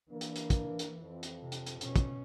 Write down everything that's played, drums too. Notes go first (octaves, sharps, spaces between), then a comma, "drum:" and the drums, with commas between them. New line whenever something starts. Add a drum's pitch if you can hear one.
E3 A#3 D4
drum: hi-hat
drum: hi-hat
drum: kick, hi-hat
drum: hi-hat
F2
drum: hi-hat
C3
drum: hi-hat
drum: hi-hat
B2 C#4, drum: hi-hat
drum: kick, hi-hat